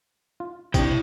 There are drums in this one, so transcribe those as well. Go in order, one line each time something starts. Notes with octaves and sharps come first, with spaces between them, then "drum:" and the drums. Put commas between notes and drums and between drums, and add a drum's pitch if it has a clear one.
F4
C3 D4 E4 G5, drum: kick, tambourine